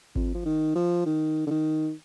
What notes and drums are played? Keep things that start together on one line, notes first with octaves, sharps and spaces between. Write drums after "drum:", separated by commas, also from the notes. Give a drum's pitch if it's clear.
F2, drum: kick G#1
F3
D#3
F3
D#3
D3
D#3